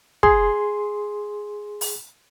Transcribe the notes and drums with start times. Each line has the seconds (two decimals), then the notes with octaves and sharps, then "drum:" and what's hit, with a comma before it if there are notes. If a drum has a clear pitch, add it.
0.23 G#4 C6, drum: kick
1.81 drum: open hi-hat